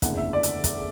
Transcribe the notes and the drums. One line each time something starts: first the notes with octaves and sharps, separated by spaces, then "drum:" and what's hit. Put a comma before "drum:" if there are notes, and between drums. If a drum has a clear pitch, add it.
F#1 E2 D3 A3 E4 F#5, drum: kick, hi-hat
E5
D5
drum: hi-hat
drum: kick, hi-hat